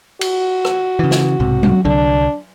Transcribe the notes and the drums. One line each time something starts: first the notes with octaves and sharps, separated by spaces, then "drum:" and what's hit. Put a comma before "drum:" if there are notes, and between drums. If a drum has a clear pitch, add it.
F#4, drum: cymbal
drum: rim click
C#3 E3
drum: snare
B1 G#2 C3
drum: tom F#3
C2 D3 D4